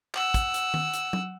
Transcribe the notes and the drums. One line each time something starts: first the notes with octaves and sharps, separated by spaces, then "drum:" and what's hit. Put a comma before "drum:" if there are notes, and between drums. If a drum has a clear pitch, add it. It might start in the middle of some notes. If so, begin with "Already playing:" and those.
F#5 E6, drum: clap
drum: kick, hi-hat
drum: hi-hat
drum: tom D#3
drum: hi-hat
drum: tom F#3